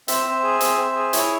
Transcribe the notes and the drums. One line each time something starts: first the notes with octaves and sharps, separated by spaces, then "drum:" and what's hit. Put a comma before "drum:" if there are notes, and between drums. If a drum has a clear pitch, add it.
C4 E5, drum: hi-hat
C4
G#4
C4, drum: hi-hat
C4
G#4
E4 C#5, drum: hi-hat